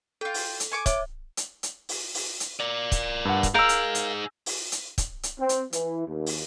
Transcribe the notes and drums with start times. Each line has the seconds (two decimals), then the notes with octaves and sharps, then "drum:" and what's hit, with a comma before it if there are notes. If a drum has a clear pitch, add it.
0.21 F4 A4 G5
0.34 drum: open hi-hat
0.60 drum: hi-hat
0.72 G#5 C#6 D6
0.86 C#5 E5 D6 G#6, drum: kick, hi-hat
1.37 drum: hi-hat
1.63 drum: hi-hat
1.89 drum: open hi-hat
2.14 drum: open hi-hat
2.40 drum: hi-hat
2.60 A#4 D5
2.92 drum: kick, hi-hat
3.25 G2 F#5
3.43 drum: kick, hi-hat
3.54 D#4 G#4 A#4 F5 E6 G6
3.69 drum: hi-hat
3.95 drum: hi-hat
4.46 drum: open hi-hat
4.72 drum: hi-hat
4.98 drum: kick, hi-hat
5.23 drum: hi-hat
5.39 C4
5.49 drum: hi-hat
5.73 E3, drum: hi-hat
6.07 D#2
6.26 drum: open hi-hat